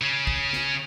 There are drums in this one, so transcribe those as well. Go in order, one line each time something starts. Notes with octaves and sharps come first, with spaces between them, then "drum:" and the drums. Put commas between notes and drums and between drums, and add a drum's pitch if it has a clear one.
C#3 C#4
drum: kick
drum: snare